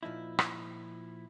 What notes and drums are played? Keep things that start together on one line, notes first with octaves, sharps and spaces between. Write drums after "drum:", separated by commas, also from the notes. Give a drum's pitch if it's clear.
A#2 F3 D#4 E4
drum: rim click